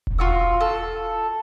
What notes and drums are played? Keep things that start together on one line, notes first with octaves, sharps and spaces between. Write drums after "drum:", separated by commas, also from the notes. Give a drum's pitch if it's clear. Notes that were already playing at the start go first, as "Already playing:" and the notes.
drum: kick E1
F4 F#4 E6
A4